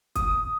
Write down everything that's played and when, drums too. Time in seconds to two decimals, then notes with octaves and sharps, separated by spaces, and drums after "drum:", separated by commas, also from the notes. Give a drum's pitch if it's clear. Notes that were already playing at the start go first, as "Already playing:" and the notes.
0.15 D#6, drum: kick, hi-hat